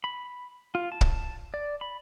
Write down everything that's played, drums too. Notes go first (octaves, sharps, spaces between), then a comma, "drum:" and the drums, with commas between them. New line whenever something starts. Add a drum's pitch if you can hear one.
B5
F4
A5
drum: kick
D5
B5